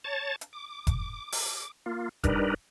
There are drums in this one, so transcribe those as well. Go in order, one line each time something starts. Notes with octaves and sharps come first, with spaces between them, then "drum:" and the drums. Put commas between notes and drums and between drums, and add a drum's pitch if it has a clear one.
C#5 A5 A6
drum: hi-hat
D6
drum: kick F1, hi-hat
drum: open hi-hat
A#3 F4
G3 D4 D#4 A#4 B4, drum: kick F1, hi-hat